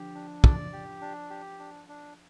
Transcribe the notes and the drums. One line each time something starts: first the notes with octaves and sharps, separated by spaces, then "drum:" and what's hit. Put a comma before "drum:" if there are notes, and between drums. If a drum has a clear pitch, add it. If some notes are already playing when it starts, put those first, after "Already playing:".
Already playing: D3 F3 G4
D4
D5, drum: kick
G4
D4
G4
D4
D4